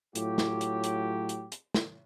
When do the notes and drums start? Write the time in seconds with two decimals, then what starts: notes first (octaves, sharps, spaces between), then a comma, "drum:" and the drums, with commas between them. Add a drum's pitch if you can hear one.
0.15 A2 F#3 F4 G4, drum: hi-hat
0.38 drum: snare
0.61 drum: hi-hat
0.83 drum: hi-hat
1.29 drum: hi-hat
1.52 drum: hi-hat
1.74 drum: snare